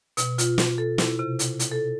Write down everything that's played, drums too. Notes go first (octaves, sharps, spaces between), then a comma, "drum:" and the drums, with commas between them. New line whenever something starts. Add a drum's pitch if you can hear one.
B2, drum: hi-hat
F4, drum: hi-hat
drum: snare
A4
E4, drum: snare
C3
drum: hi-hat
drum: hi-hat
A4